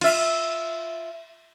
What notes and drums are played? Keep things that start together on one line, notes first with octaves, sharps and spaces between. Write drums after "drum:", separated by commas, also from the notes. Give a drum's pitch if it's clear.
F4 E5, drum: cymbal